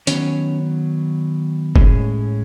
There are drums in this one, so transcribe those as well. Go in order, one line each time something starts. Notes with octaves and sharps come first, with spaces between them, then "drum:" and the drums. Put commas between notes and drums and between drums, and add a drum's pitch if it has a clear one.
D#3 F#3 B3 C#4 C#5, drum: hi-hat
A2 G#3 C#4, drum: kick